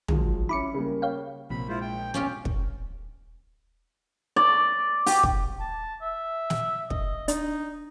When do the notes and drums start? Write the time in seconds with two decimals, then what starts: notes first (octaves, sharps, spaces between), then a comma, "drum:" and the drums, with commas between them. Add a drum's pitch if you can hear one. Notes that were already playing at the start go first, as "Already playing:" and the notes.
0.08 F3 F#3 G#3, drum: tom
0.49 C#4 E4 B5 D6 C#7
0.74 C#3 G3 A#3
1.02 C#5 F5 G5
1.50 A#1 C3 F3 B5
1.69 G#3 E4 F4 C5
1.81 G5
2.14 D#1 B2 F3 C#4 F4 G4
2.45 drum: kick
4.36 D5
5.06 G4, drum: open hi-hat
5.23 drum: kick
5.60 A5
6.02 E5
6.50 drum: snare
6.90 D#5, drum: kick
7.28 D4 D#4, drum: hi-hat